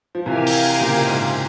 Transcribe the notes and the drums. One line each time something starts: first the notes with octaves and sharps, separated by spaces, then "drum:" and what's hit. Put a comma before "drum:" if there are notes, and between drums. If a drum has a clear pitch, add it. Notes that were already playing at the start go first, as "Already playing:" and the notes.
F3
C3 E3 G4 A#4 F5 G#5
drum: open hi-hat
A#2 C#3
G#2